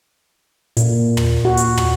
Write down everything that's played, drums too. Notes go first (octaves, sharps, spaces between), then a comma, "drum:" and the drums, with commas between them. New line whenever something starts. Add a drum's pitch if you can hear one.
A#2, drum: hi-hat
drum: tom
F#4
drum: hi-hat
drum: tom